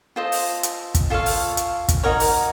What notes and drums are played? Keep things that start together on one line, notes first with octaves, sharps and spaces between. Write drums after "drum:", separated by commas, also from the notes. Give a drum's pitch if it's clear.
F4 A4 C5 D#5
drum: open hi-hat
drum: hi-hat
drum: kick, hi-hat
F4 A4 C#5 F5
drum: open hi-hat
drum: hi-hat
drum: kick, hi-hat
D#4 F#4 A#4 C#5
drum: open hi-hat